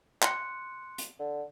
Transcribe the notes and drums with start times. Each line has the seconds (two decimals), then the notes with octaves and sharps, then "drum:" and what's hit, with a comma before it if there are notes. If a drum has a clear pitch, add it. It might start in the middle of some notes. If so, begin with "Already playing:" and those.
0.22 C6 F#6 C#7, drum: clap
0.98 drum: hi-hat
1.19 D3